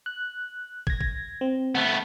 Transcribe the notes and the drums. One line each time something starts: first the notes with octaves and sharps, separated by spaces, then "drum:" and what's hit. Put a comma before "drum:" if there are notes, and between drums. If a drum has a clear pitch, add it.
F#6
G#6 A#6, drum: kick
drum: kick
C4
A3 B3